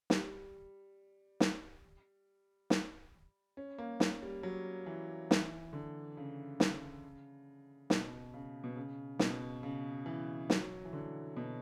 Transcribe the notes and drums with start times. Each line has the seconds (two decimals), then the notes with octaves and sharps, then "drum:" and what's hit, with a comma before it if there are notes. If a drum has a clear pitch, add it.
0.10 G3, drum: snare
1.40 drum: snare
2.70 drum: snare
3.57 C#4
3.78 A#3
4.00 drum: snare
4.22 G3
4.43 F#3
4.86 E3
5.31 E3, drum: snare
5.73 D3
6.17 C#3
6.60 drum: snare
7.90 B2, drum: snare
8.34 C#3
8.64 B2
8.76 C#3
9.19 B2, drum: snare
9.63 C#3
10.06 E3
10.50 F#3, drum: snare
10.85 E3
10.93 D3
11.37 B2